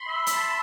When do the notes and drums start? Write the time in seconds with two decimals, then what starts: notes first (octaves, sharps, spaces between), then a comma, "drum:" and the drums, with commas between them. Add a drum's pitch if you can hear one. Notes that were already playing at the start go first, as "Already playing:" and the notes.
Already playing: B5 C6
0.08 E5
0.27 A5, drum: hi-hat